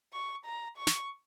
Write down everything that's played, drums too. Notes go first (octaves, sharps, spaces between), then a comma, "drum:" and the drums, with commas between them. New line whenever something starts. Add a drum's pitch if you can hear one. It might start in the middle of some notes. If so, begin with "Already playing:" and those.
C#6
A#5
C#6
drum: snare